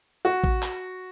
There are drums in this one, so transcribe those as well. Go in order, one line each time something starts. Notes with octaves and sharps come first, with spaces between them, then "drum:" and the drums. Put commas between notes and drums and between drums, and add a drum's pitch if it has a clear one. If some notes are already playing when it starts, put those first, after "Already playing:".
F#4
drum: kick A1
drum: clap